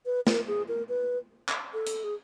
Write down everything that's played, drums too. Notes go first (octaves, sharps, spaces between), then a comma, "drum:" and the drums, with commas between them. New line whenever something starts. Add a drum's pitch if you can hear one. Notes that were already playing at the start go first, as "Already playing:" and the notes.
B4
A#4, drum: snare
G#4
A#4
B4
drum: clap
A4
drum: hi-hat
G#4